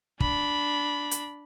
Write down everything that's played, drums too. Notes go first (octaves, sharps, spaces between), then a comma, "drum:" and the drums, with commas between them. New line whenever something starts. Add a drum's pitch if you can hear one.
D4 B5, drum: kick
drum: hi-hat